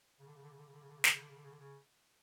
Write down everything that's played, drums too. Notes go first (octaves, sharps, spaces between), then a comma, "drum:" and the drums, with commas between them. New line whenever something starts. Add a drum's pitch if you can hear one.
C#3
D3
C#3
D3
C#3
D3
C#3
D3
C#3
D3
C#3
D3, drum: snare
C#3
D3
C#3
D3
C#3
D3
C#3